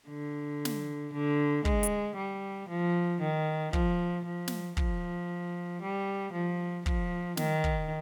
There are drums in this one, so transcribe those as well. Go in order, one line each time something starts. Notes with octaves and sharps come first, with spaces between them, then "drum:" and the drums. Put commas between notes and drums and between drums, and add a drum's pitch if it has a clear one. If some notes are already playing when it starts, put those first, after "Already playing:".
D3
drum: snare
D3
G#3, drum: kick
drum: hi-hat
G3
F3
D#3
F3, drum: kick
F3
drum: snare
F3, drum: kick
G3
F3
F3, drum: kick
D#3, drum: snare
drum: kick